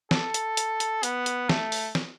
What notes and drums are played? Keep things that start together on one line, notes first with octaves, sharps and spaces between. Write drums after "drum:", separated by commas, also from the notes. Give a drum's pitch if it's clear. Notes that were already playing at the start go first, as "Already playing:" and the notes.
A4, drum: snare
drum: hi-hat
drum: hi-hat
drum: hi-hat
B3, drum: hi-hat
drum: hi-hat
A3, drum: snare
drum: open hi-hat
drum: snare